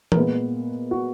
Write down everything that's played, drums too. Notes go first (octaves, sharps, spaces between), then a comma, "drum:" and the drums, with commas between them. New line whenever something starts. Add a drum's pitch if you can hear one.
A#4, drum: tom E3
A#2 G#3 B3 B4
F#4